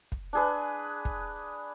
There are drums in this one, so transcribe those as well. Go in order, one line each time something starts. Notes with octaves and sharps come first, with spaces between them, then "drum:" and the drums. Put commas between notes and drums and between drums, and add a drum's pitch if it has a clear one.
drum: kick
D4 G#4 B4
drum: kick